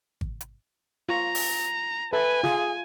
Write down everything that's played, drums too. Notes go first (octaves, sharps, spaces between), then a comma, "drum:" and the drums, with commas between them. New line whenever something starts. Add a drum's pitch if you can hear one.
drum: kick G#1
drum: hi-hat
F4 A#5 C#6
drum: open hi-hat
A4 B4 E5 G#5 A5
F4 G#4, drum: snare